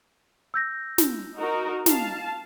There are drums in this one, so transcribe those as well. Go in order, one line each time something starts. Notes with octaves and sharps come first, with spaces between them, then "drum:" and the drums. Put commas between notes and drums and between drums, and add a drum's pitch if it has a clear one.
E6 G6 A#6
drum: snare
D#4 F#4 A#4
F5 A5, drum: snare